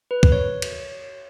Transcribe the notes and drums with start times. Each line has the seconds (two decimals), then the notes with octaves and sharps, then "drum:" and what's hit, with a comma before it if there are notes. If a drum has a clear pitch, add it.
0.11 B4
0.23 drum: kick
0.32 C#5
0.62 drum: cymbal